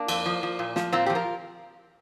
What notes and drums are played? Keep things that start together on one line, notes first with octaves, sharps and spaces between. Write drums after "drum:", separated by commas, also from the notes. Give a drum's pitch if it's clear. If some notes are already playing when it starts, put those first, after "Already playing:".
Already playing: A#3 D4
F2, drum: cymbal
F3
F3
A#2
F3, drum: snare
A#2 C4 F4
F3 G4
F4 A#4